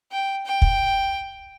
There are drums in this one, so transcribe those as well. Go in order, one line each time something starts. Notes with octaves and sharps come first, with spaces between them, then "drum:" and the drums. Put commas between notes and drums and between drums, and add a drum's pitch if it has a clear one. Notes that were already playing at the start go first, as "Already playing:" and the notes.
G5
G5
drum: kick